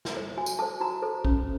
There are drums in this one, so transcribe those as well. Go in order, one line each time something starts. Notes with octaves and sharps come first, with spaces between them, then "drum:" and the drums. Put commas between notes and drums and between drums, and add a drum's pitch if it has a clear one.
drum: snare
A4 C5
F#4 G#5
drum: tambourine
A4 C5 A5
F#4 A#5
A4 C5
C#4, drum: kick A#1